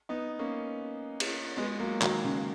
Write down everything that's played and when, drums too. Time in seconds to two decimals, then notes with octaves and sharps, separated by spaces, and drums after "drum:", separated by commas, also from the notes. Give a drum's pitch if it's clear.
0.09 B3 D#4
0.39 A#3 C#4
1.20 drum: cymbal
1.57 G#3 B3
1.80 F#3 A#3
2.02 D#3 F#3, drum: clap
2.24 C#3